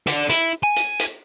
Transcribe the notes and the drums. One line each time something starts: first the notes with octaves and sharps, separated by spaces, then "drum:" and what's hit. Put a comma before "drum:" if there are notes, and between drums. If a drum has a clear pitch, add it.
A4 D5, drum: hi-hat
E4, drum: hi-hat
G#5
drum: hi-hat
drum: hi-hat